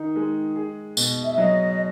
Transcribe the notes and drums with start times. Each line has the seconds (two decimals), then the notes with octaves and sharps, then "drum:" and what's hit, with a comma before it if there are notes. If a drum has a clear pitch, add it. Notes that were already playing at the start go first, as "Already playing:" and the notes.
Already playing: D#3 D#4
0.16 G#3
0.56 G#4
0.97 B2, drum: tambourine
1.24 E5
1.37 F#3 D#5